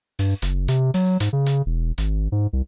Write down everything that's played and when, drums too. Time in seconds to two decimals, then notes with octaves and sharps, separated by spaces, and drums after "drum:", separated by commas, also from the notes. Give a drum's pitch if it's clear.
0.19 G2, drum: open hi-hat
0.42 F#1, drum: hi-hat
0.68 C3, drum: hi-hat
0.94 F#3, drum: open hi-hat
1.20 G#2, drum: hi-hat
1.33 C#3
1.46 drum: hi-hat
1.66 E1
1.98 G#1, drum: hi-hat
2.32 G#2
2.53 C2